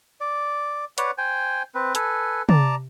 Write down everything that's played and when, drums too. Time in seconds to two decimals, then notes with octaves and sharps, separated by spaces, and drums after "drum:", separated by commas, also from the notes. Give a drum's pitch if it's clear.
0.21 D5
0.98 B4 C#5 D5 F#5, drum: hi-hat
1.18 C5 G5 G#5
1.75 C4 B4
1.95 A4 B4 G#5, drum: hi-hat
2.49 D5 A5 A#5, drum: tom